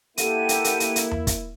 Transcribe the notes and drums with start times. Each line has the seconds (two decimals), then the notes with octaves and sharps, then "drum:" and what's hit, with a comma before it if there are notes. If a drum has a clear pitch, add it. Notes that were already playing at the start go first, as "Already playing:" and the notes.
0.17 A#3 E4 G4 A4 F#5 D#7, drum: hi-hat
0.49 drum: hi-hat
0.64 drum: hi-hat
0.80 drum: hi-hat
0.96 drum: hi-hat
1.11 drum: tom E2
1.27 drum: kick, hi-hat